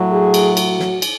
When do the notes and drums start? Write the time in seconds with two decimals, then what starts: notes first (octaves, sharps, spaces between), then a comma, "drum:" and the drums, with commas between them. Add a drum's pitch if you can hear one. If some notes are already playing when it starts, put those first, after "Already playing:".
Already playing: A2 F#3
0.11 G#4
0.34 drum: cymbal
0.57 F#4, drum: cymbal
0.79 drum: snare
1.02 drum: cymbal